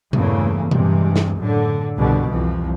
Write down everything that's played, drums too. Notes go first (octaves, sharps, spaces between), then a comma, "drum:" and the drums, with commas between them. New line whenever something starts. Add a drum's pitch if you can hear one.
E2 G2 C#3 E3 A3 A#3, drum: tom A#2
G2 C3 E3 G#3, drum: tom A#2
drum: snare
F#2 A2 D3
C2 G2 B2 D3 G3
C2 F2 E3 F3